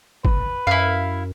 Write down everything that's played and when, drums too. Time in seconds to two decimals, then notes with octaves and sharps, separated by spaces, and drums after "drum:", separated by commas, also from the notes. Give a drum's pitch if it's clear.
0.25 B4, drum: kick
0.67 F#2 E4 F5